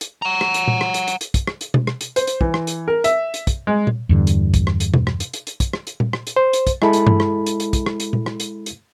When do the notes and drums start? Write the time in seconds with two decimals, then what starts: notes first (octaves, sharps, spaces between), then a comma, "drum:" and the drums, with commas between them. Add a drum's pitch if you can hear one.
0.01 drum: hi-hat
0.22 F#5 A#5
0.41 drum: rim click
0.54 drum: hi-hat
0.68 drum: tom A#2
0.81 drum: rim click
0.94 drum: hi-hat
1.08 drum: hi-hat
1.21 drum: hi-hat
1.34 drum: kick, hi-hat
1.47 drum: rim click
1.61 drum: hi-hat
1.74 drum: tom B2
1.87 drum: rim click
2.01 drum: hi-hat
2.16 C5, drum: hi-hat
2.27 drum: hi-hat
2.41 E3, drum: kick
2.54 drum: rim click
2.67 drum: hi-hat
2.88 A#4
3.04 E5, drum: hi-hat
3.34 drum: hi-hat
3.47 drum: kick, hi-hat
3.67 G#3
3.87 drum: tom A#2
4.09 E2 G2 D3
4.27 drum: hi-hat
4.54 drum: kick, hi-hat
4.67 drum: rim click
4.80 drum: hi-hat
4.94 drum: tom B2
5.07 drum: rim click
5.20 drum: hi-hat
5.33 drum: hi-hat
5.47 drum: hi-hat
5.60 drum: kick, hi-hat
5.73 drum: rim click
5.87 drum: hi-hat
6.00 drum: tom A#2
6.13 drum: rim click
6.27 drum: hi-hat
6.36 C5
6.53 drum: hi-hat
6.67 drum: kick, hi-hat
6.82 G#3 E4 A4 B5, drum: rim click
6.93 drum: hi-hat
7.07 drum: tom G2
7.20 drum: rim click
7.46 drum: hi-hat
7.60 drum: hi-hat
7.73 drum: kick, hi-hat
7.86 drum: rim click
8.00 drum: hi-hat
8.13 drum: tom A#2
8.26 drum: rim click
8.40 drum: hi-hat
8.66 drum: hi-hat